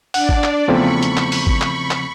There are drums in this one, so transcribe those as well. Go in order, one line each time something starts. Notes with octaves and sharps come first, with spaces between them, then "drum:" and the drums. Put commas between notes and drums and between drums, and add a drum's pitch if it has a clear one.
D4 D5 F#5, drum: open hi-hat
drum: kick G#1
drum: clap
E2 C#3 F3 A3 C4 B5 C#6
drum: hi-hat
drum: clap
drum: open hi-hat
drum: kick G#1
drum: clap
drum: clap